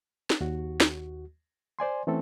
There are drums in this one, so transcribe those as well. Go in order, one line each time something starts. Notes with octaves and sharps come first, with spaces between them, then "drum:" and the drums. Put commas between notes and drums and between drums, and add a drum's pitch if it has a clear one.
drum: snare
D#2 F#4
drum: snare
C5 D5 G#5 C6
E3 A3 C4 C#4 A4